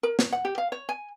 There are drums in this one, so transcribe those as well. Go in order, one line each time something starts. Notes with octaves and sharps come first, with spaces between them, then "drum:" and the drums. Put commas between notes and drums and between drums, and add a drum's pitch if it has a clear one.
A#4
C#5, drum: snare
F#5
G4
F5
C#5
G#5